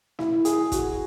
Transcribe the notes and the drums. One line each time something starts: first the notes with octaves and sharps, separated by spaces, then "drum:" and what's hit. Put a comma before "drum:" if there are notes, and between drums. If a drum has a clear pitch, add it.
E4, drum: snare
G#4, drum: hi-hat
F#4, drum: kick, hi-hat